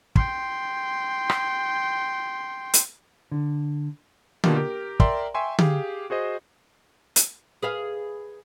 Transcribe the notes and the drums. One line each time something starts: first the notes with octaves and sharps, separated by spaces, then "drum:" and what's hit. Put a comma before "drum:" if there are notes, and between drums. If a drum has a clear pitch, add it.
G5 C6, drum: kick
drum: rim click
drum: hi-hat
D3
B2 A#3 D4 F4 G4, drum: tom D3
G4 A#4
A#4 D5 E5 G5 A#5 C6, drum: kick
E5 G5 G#5 C6 C#6
G4 G#4 F5, drum: tom D3
F#4 G#4 C5 D#5
drum: hi-hat
G#4 B4 F5